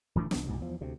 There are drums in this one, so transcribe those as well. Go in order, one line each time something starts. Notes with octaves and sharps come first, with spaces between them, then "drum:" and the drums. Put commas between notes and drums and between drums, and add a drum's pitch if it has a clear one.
D1 E3 A3 D4
C2 B3 D4, drum: snare
C2 G#2 B2
E2 F3
D2 C3